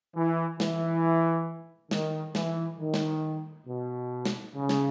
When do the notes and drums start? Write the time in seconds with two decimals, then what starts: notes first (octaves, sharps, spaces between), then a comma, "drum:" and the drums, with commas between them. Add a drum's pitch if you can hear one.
0.16 E3
0.60 E3, drum: snare
1.91 D#3, drum: snare
2.35 E3, drum: snare
2.79 D#3
2.94 drum: snare
3.67 B2
4.25 drum: snare
4.55 C#3
4.69 drum: snare